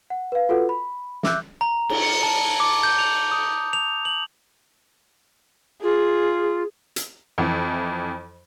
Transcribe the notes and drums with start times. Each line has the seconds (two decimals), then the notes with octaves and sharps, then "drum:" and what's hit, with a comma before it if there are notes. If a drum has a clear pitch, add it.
0.10 F#5
0.32 B4 F5
0.49 F4 F#4 A4 B4 F#5
0.69 B5
1.23 E5 D6 E6 F#6 G6, drum: snare
1.61 A#5
1.89 drum: cymbal
2.02 C#7
2.23 A5
2.60 D6
2.83 G6
2.99 F7
3.32 D#6
3.73 F7
4.05 F#7
5.82 F4 G#4
6.96 drum: hi-hat
7.38 F2 E3